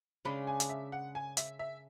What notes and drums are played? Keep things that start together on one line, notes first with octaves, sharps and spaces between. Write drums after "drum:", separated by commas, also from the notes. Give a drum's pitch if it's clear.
C#3 G#3 D4 B5
G#5
drum: hi-hat
E5
F#5
G#5
E5, drum: hi-hat
E5